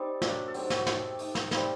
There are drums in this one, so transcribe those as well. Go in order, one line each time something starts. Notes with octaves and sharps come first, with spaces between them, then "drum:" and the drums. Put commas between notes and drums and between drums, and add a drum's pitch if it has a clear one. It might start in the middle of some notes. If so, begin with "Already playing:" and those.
Already playing: G3 C4 D#4 G4 A4
F#3 A3 D4 A#4, drum: snare
A4
F#3 C4 D#4 G4, drum: open hi-hat
F#4, drum: snare
A3 D#4 G4, drum: snare
A3 D#4, drum: open hi-hat
drum: snare
G3 C4 D#4, drum: snare